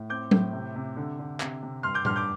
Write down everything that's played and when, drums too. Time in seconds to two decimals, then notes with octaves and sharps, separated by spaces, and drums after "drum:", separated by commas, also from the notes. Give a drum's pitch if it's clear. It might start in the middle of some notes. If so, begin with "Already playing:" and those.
Already playing: A2
0.10 C4 D6 G6
0.31 A2, drum: tom F#3
0.53 C3
0.75 C3
0.96 D3
1.19 D3
1.40 C3, drum: clap
1.63 C3
1.83 G2 C6 F6
1.94 D6 G6
2.05 G2 C6 F6, drum: tom A#2
2.16 D6 G6